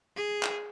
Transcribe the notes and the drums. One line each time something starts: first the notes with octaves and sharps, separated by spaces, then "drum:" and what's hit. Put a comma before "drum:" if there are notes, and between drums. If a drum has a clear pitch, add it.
G#4
drum: clap